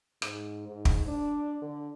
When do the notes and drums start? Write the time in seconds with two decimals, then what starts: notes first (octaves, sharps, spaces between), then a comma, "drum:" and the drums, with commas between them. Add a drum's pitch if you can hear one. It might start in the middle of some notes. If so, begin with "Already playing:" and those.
0.22 G#2, drum: rim click
0.68 G#2
0.85 drum: kick
1.07 D4
1.62 D3